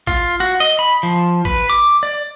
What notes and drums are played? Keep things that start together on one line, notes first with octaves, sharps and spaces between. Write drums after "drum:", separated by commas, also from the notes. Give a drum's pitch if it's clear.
F4, drum: kick
F#4
D#5
drum: hi-hat
B5
F3
B4, drum: kick
D6
D5